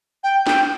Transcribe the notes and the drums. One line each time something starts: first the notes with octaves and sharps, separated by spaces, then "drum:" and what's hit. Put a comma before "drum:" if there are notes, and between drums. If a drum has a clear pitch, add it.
G5
G5, drum: snare